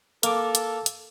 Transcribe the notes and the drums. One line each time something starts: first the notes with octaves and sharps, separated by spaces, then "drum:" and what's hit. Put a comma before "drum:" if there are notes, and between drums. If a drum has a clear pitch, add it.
A#3 A4 D6, drum: hi-hat
drum: hi-hat
drum: hi-hat